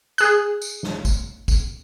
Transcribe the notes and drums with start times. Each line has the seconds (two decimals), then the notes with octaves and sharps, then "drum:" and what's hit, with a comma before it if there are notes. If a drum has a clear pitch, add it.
0.18 G#4 F#6, drum: tambourine
0.62 drum: tambourine
0.83 drum: snare
1.05 drum: kick, tambourine
1.48 drum: kick, tambourine